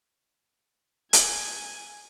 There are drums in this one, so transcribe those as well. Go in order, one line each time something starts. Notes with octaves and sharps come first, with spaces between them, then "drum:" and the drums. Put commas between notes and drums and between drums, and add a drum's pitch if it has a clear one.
G#5, drum: hi-hat